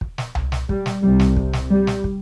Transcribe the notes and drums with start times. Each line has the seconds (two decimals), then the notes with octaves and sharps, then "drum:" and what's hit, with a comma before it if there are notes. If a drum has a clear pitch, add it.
0.01 drum: kick
0.18 drum: snare
0.35 drum: tom C2
0.52 drum: snare
0.69 G3, drum: kick
0.86 drum: snare
1.03 C2 C3 G3
1.20 drum: snare
1.36 drum: kick
1.53 drum: snare
1.70 G3
1.87 drum: snare
2.04 drum: kick